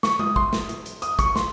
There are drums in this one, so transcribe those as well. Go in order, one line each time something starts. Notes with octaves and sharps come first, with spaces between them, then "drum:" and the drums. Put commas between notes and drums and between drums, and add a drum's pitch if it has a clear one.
C#6, drum: snare
D#6, drum: tom G#3
C6, drum: kick
drum: snare
drum: hi-hat
drum: hi-hat
D#6, drum: hi-hat
C#6, drum: kick, hi-hat
C6, drum: snare